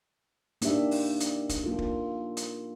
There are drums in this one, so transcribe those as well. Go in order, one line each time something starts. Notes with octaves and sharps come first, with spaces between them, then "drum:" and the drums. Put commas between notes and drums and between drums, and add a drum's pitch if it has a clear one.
A#3 D4 D#4 G4 E5, drum: hi-hat
drum: open hi-hat
drum: hi-hat
drum: kick, hi-hat
A#3 F4 A4
drum: kick
drum: hi-hat